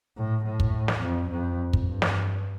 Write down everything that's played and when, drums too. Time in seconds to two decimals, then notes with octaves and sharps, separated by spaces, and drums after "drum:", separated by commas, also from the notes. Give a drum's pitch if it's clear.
0.17 A2
0.46 A2
0.60 drum: kick
0.88 drum: snare
1.02 F2
1.31 F2
1.73 drum: kick
1.88 G2
2.02 drum: snare